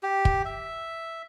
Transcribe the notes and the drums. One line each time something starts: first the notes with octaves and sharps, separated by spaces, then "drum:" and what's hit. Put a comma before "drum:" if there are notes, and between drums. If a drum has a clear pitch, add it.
G4
drum: kick
E5